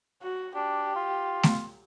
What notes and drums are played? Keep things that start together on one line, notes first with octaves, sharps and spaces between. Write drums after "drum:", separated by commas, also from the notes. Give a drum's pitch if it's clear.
F#4
D4 G4
F4
drum: snare A3